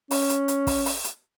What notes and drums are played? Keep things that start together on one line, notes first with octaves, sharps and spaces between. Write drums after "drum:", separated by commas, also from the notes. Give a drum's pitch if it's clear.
C#4, drum: open hi-hat
drum: hi-hat
drum: hi-hat
drum: kick, open hi-hat
drum: open hi-hat
drum: hi-hat